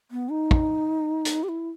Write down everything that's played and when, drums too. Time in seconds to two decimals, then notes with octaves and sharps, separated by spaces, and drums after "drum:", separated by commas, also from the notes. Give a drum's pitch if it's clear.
0.11 B3
0.31 D#4
0.51 drum: kick
1.25 drum: hi-hat
1.43 G4
1.49 E4